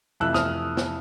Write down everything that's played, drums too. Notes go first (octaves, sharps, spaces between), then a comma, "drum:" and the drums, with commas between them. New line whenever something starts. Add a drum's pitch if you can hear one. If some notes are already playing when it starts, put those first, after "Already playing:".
F2 C3 E3 A3 E6 F#6
D#6 F6, drum: snare
drum: snare